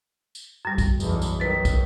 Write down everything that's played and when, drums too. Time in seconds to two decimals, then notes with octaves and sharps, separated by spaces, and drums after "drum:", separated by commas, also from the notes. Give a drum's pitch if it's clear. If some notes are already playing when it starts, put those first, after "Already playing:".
0.35 drum: tambourine
0.65 F#2 G3
0.78 drum: kick, tambourine
1.00 B1 E2, drum: tambourine
1.22 drum: tambourine
1.40 D#3 F#3 B4 A6
1.65 drum: kick, tambourine